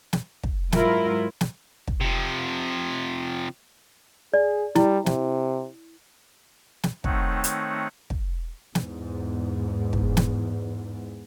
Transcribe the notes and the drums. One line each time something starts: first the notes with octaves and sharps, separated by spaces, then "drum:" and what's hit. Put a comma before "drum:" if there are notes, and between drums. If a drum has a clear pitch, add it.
drum: snare
drum: kick
G#2 F#3 E4 F4 A#4, drum: snare
drum: snare
drum: kick
C3 F3
G#4 D5
G3 E4, drum: snare
C3, drum: snare
drum: snare
D#3 A3 C4 D#4 C#5 F#5, drum: kick
drum: hi-hat
drum: kick
E2 G#2, drum: snare
drum: kick
drum: snare